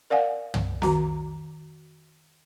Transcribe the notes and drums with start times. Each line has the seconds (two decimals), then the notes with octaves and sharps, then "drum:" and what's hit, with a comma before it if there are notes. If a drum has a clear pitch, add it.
0.10 A#4 D5 F5 F#5 G#5
0.54 drum: tom
0.82 D#3 F#4 A#5, drum: snare